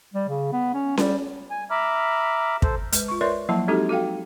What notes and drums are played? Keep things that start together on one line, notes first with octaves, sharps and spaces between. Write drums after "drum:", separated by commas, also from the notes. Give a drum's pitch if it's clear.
G3
C#3
B3
C#4
G3, drum: snare C#4
G#5
E5 A#5 B5 D6 F6
A4 C5, drum: kick
G#3 B4, drum: hi-hat
F4 C#6
A#4 B4 C#5 D5 E5 C6
F3 F#3 A#3 E4 E5 A5
G#3 C4 D#4 F#4 G4 A4
F#4 A4 F5 G5